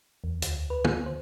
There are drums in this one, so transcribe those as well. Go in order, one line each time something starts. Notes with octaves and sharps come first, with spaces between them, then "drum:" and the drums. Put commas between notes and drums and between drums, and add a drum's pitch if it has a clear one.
E2
D2, drum: hi-hat
B4
drum: tom
C5